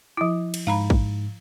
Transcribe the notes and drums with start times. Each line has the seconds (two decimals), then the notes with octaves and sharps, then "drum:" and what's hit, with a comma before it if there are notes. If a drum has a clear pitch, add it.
0.17 F3 E4
0.54 drum: cymbal
0.67 G#2 F5 A#5 B5
0.90 drum: kick